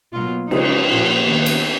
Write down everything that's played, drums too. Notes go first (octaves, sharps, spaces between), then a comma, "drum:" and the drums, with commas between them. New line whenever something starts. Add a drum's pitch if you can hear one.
B2 F#3 A#3 F4
C#3 F3 G#3 D#4, drum: cymbal
A#2 F3 A#3
D#3 A#3 B3
drum: cymbal